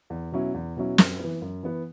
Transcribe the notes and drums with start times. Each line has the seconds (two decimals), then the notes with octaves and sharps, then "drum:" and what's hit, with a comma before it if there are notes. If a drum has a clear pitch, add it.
0.10 E2
0.32 B2 F#3 C#4 E4
0.54 E2
0.76 B2 F#3 C#4 E4
0.98 F#2, drum: snare
1.19 E3 B3
1.41 F#2
1.63 E3 B3